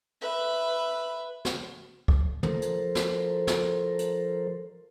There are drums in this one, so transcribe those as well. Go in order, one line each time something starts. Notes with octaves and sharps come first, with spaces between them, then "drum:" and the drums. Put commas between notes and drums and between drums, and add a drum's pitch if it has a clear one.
B4 E5
drum: snare
drum: kick
F3 A4 A#4 C5, drum: tom
drum: hi-hat
drum: snare
drum: snare
drum: hi-hat